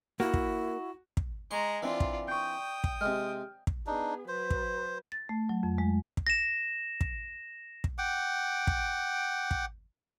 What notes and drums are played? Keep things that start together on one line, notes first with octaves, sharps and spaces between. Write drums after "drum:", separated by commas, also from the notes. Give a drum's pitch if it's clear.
A#3 E4 F#4
drum: kick
drum: kick
G#3 A#5 C6 C#6
E3 C4 D4 F4 D5
drum: kick
G5 C#6 D#6 G6
drum: kick
C3 G#3 F6
drum: kick
B3 D4 D#4 G#4
F#3 B4 C5
drum: kick
A6
A3
F#3
F2
G#3
drum: kick
A#6 E7
drum: kick
drum: kick
F#5 G5 D6
drum: kick
drum: kick